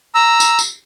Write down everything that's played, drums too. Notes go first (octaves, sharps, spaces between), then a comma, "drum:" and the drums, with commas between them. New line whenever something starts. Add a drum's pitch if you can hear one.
A#5 E6
drum: tambourine
drum: tambourine